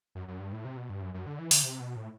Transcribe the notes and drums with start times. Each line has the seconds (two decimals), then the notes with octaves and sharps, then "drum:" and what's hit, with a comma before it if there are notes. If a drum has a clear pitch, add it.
0.15 F#2
0.28 F#2
0.40 G2
0.53 A2
0.65 C3
0.77 B2
0.90 G2
1.02 F#2
1.14 F#2
1.27 D3
1.39 E3
1.51 D3, drum: open hi-hat
1.63 C3
1.80 B2
1.96 A2